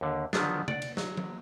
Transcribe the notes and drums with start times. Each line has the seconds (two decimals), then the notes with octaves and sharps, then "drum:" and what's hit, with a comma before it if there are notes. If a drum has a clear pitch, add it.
0.01 D#2 D3
0.33 D3 D#3 F3 F#3 B3 D4, drum: snare
0.68 D5 F#5, drum: tom C3
0.82 drum: cymbal
0.97 F#3, drum: snare
1.17 drum: tom E3